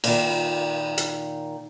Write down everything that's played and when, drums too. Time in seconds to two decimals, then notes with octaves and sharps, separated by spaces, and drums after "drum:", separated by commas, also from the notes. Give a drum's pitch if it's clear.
0.04 A#2 D#3, drum: cymbal
0.98 drum: hi-hat